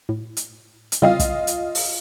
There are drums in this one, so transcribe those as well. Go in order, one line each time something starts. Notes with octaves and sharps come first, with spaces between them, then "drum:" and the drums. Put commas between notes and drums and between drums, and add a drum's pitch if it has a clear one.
A2
drum: hi-hat
drum: hi-hat
C#3 G3 C4 F4 D#5 F5
drum: kick, hi-hat
drum: hi-hat
drum: open hi-hat